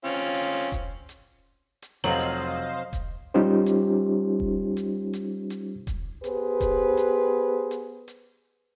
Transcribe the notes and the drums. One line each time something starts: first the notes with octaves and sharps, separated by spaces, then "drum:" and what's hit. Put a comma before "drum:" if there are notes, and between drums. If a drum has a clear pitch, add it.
C4 C#4 F4
drum: hi-hat
drum: kick E1, hi-hat
drum: hi-hat
drum: hi-hat
F1 C3 F#3 C5 D#5 F5 F#7
drum: hi-hat
drum: kick E1, hi-hat
G3 C#4 D#4 F4 G4 C5
drum: hi-hat
drum: kick E1
drum: hi-hat
drum: hi-hat
drum: hi-hat
drum: kick E1, hi-hat
B3 G4 G#4 B4 C5, drum: hi-hat
drum: kick E1, hi-hat
drum: hi-hat
drum: hi-hat
drum: hi-hat